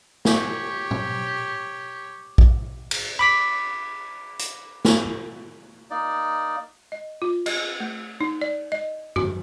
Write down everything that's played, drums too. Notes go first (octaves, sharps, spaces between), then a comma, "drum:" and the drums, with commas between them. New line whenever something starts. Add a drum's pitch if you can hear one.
G4 C#5, drum: snare
drum: tom
drum: kick
drum: cymbal
B5 D6 B6
drum: hi-hat
drum: snare
A#3 D#4 D5
D#5
F4
D#5, drum: cymbal
A3
D#4
D5
D#5
F#4, drum: tom F#2